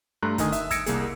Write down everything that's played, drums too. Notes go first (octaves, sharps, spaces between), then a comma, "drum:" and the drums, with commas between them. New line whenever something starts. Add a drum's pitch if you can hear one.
G2 A3 A#5 C6 F#6
D3 D#3 A3 D#5 G#5 D#6, drum: kick, hi-hat
E5, drum: hi-hat
E6 G#6 A#6 C#7 D7, drum: kick, hi-hat
C2 A#3 G#4, drum: hi-hat